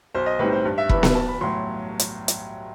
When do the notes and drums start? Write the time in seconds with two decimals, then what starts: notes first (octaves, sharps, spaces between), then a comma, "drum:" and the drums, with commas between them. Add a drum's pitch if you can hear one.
0.14 B1 C5
0.26 D#5
0.39 A2 G3 C4 D#4 B4
0.52 C5
0.65 G2
0.78 E5
0.89 E3 B3 B5, drum: kick E1
1.03 B5, drum: snare B3
1.15 B1 A5
1.28 B5
1.41 A2 F#3 C6
1.99 drum: hi-hat
2.28 drum: hi-hat